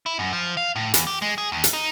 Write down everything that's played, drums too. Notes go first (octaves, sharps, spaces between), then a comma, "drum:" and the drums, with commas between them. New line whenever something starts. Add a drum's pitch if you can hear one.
E4
F#2
F3
F5
A2
E2, drum: hi-hat
G4
G#3
G#4
D#2
drum: hi-hat
D#4